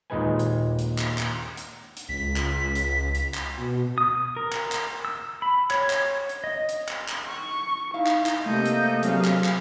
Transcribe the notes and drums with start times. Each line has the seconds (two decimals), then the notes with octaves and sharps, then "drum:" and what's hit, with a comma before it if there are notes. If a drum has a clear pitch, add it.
0.10 D#2 A#2 G#3 D#4 B4 G#5
0.39 drum: hi-hat
0.79 drum: hi-hat
0.98 drum: clap
1.18 drum: clap
1.57 drum: hi-hat
1.97 drum: hi-hat
2.09 C#2 B6
2.36 drum: clap
2.75 drum: hi-hat
3.15 drum: hi-hat
3.34 drum: clap
3.57 B2
3.98 D#6
4.36 A#4
4.52 drum: clap
4.72 drum: clap
5.05 E6
5.42 B5
5.71 C#5, drum: clap
5.90 drum: clap
6.29 drum: hi-hat
6.44 D#5
6.69 drum: hi-hat
6.88 drum: clap
7.08 drum: clap
7.29 C#6
7.94 D#4 E4 F5
8.06 drum: clap
8.26 drum: clap
8.46 C3 A3 A#3 A4 D#5 G6
8.65 drum: hi-hat
9.03 F#3 C4 G#4 F5, drum: hi-hat
9.25 drum: clap
9.44 drum: clap